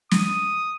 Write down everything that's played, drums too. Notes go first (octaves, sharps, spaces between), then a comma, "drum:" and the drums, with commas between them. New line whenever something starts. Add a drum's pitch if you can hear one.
D#6, drum: snare